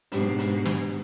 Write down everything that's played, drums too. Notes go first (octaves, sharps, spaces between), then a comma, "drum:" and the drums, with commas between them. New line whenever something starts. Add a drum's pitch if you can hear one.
G#2 B2 C#4 D4 G4, drum: hi-hat
drum: hi-hat
drum: snare